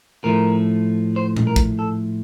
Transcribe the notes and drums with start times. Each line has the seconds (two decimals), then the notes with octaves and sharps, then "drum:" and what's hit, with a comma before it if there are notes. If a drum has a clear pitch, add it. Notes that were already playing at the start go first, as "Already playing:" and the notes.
0.24 A2 F3 A3 A#4
1.16 C5
1.37 drum: tom A#2
1.47 A#4
1.56 drum: kick
1.79 A4